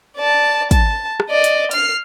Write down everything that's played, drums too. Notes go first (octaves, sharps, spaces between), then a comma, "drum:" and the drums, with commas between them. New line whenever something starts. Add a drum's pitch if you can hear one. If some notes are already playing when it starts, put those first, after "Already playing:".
D5 A5
A5, drum: kick, hi-hat
drum: rim click
D5 D#5
drum: hi-hat
F6 C7, drum: hi-hat